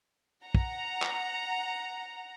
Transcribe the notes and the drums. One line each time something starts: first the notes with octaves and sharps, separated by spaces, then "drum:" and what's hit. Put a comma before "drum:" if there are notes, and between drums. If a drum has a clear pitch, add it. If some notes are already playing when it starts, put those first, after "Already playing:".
F#5 A#5
drum: kick
drum: clap